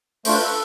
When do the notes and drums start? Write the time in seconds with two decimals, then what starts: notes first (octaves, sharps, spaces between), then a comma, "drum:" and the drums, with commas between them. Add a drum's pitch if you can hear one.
0.25 A3 D4 F4 C5, drum: open hi-hat
0.34 B4
0.44 A4